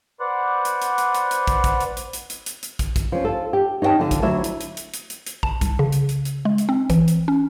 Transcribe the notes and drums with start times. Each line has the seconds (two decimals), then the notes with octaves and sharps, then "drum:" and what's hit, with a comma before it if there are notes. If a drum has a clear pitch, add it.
0.20 B4 C5 D5 F#5
0.65 drum: hi-hat
0.82 drum: hi-hat
0.98 drum: hi-hat
1.15 drum: hi-hat
1.31 drum: hi-hat
1.47 drum: kick, hi-hat
1.64 drum: kick, hi-hat
1.80 drum: hi-hat
1.97 drum: hi-hat
2.13 drum: hi-hat
2.30 drum: hi-hat
2.46 drum: hi-hat
2.63 drum: hi-hat
2.79 drum: kick, hi-hat
2.96 drum: kick, hi-hat
3.12 F3 C#4
3.25 F4 A4
3.53 G4
3.82 D#4 C#5 D#5 G5 A5
3.99 D3 F3
4.11 drum: kick, hi-hat
4.22 D2 F#3 D4 E4 E5
4.44 drum: hi-hat
4.61 drum: hi-hat
4.77 drum: hi-hat
4.94 drum: hi-hat
5.10 drum: hi-hat
5.27 drum: hi-hat
5.43 A5, drum: kick
5.61 C2, drum: kick, hi-hat
5.79 C#3
5.92 drum: hi-hat
6.09 drum: hi-hat
6.25 drum: hi-hat
6.45 G#3
6.58 drum: hi-hat
6.69 C4
6.90 E3, drum: kick, hi-hat
7.08 drum: hi-hat
7.28 C#4